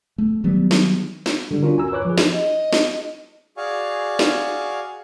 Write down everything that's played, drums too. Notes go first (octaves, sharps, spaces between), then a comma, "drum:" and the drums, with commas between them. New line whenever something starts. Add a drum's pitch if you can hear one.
A3
D#3 F#3 G3 B3
drum: snare
drum: snare
D3 G3
C#4 D4 F4 F#4 A#4
G#5 A#5 E6
B4 C#5 D6 F#6
F3 G#4
drum: snare
D#5
drum: snare
F#4 G#4 D5 F5 G#5 C#6
drum: snare